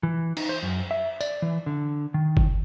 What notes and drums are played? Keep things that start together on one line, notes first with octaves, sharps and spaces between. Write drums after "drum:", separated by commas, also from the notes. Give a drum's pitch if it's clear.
E3
D#4, drum: cymbal
C5
F#2
E5
D5, drum: tambourine
E3
D3
D#3
drum: kick G1